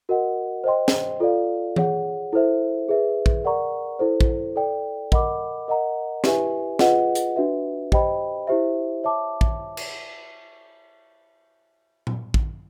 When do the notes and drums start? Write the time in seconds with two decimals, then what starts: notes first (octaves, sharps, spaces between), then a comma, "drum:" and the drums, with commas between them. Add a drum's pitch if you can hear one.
0.09 F#4 A#4 D#5 F#5
0.64 C5 D#5 G5 C6
0.88 drum: snare
1.20 F4 A4 D5 F5
1.76 G#4 C#5 F#5, drum: tom E3
2.33 E4 A4 C5 E5
2.89 G#4 B4 E5
3.26 drum: kick
3.44 A#4 D5 F#5 A#5 C#6
3.99 E4 A4 C5
4.21 drum: kick
4.56 A4 D5 G5
5.12 A#4 D#5 F#5 B5 D6, drum: kick
5.68 A#4 D#5 F#5 A#5
6.24 E4 G4 B4 E5 G#5, drum: snare
6.79 F4 G#4 B4 D#5 F#5, drum: snare
7.15 drum: hi-hat
7.36 D4 F#4 B4 E5
7.92 G4 C5 D#5 G5 B5, drum: kick
8.47 E4 G4 C5 E5
9.04 C#5 E5 A5 D6
9.41 drum: kick
9.77 drum: cymbal
12.07 drum: tom A#2
12.34 drum: kick